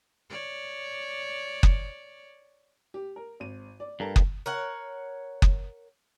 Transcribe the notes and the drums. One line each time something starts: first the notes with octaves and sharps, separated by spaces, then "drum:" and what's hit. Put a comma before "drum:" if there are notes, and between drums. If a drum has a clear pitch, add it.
C#5 D5
drum: kick F#1
G4
A#4
G#1 D#7
D5
G2 A4 A#4 A5
drum: kick F#1
A#4 C#5 F#5
drum: kick F#1